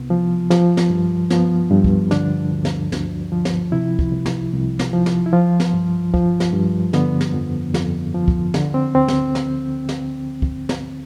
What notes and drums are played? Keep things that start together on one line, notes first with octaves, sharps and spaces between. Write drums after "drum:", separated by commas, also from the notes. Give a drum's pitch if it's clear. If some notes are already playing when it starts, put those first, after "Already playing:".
Already playing: C2 C3 B3
F3
F3, drum: snare
drum: snare
G2
F3 B3, drum: snare
G2
drum: kick
D3 D4, drum: snare
D2
drum: snare
D2, drum: snare
F3
drum: snare
C3 E4
drum: kick
C2
drum: snare
C2
drum: snare
F3
drum: snare
E4
F3 F4
drum: snare
G2
F3, drum: kick
drum: snare
G2
D3 B3, drum: snare
drum: snare
F2
F2, drum: snare
F3
drum: kick
D3, drum: snare
C4
D2 C4
drum: snare
drum: snare
drum: snare
drum: kick
drum: snare